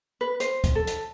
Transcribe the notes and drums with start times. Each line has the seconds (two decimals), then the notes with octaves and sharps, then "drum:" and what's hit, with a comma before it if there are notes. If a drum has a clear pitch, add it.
0.21 B4
0.40 C5, drum: hi-hat
0.64 drum: kick, hi-hat
0.75 A4
0.87 drum: hi-hat